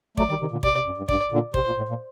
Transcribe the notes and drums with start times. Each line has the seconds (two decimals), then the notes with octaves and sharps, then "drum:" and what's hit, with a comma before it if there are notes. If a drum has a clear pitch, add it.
0.17 F#3 A3 D5, drum: kick
0.29 D#3 G3
0.40 C3 D#3
0.51 A#2 D3
0.63 C3 D5, drum: kick
0.74 C3
0.86 F#2
0.97 G2
1.09 G2 D5, drum: kick
1.32 A#2 D3
1.54 C3 C5, drum: kick
1.66 A#2
1.77 A2
1.89 A#2